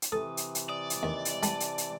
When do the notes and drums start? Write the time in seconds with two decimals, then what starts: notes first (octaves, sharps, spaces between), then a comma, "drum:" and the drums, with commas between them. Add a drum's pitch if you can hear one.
0.02 drum: hi-hat
0.12 C3 E3 A4 D#6
0.37 drum: hi-hat
0.55 drum: hi-hat
0.69 D5 D#6
0.90 drum: hi-hat
1.03 D#2 D#5
1.25 drum: hi-hat
1.43 G3 A5, drum: hi-hat
1.60 drum: hi-hat
1.78 drum: hi-hat